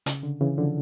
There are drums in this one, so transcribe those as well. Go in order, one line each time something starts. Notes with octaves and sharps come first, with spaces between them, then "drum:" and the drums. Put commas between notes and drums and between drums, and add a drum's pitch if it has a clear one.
C#3, drum: hi-hat
D3
C#3 E3
D3 F3